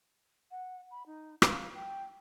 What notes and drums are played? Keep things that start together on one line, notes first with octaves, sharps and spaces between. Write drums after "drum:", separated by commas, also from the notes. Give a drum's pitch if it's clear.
F#5
B5
D#4
F5, drum: rim click
G5